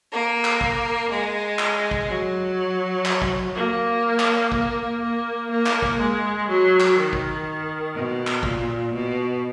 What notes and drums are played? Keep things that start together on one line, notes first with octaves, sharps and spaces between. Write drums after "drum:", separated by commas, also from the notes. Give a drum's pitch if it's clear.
A#3
drum: clap
drum: kick
G#3
drum: clap
drum: kick
F#3
drum: clap
drum: kick
A#3
drum: clap
A#3, drum: kick
A#3
A#3
drum: clap
drum: kick
G#3
F#3
drum: clap
D#3
drum: kick
B2
drum: clap
A#2, drum: kick
B2